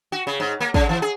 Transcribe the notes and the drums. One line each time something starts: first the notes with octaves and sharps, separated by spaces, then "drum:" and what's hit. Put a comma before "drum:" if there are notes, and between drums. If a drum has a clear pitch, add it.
F#4
C#3
G#2
A#3
C#3, drum: kick
E3
G#4